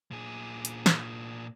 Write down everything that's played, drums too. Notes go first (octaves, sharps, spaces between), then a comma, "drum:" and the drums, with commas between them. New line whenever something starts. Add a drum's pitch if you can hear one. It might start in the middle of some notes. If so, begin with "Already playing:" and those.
A#2 G#4
drum: hi-hat
drum: snare